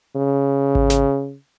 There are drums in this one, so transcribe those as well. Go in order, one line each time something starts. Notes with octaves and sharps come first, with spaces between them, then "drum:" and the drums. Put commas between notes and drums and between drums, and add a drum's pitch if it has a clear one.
C#3
drum: kick G#1
drum: snare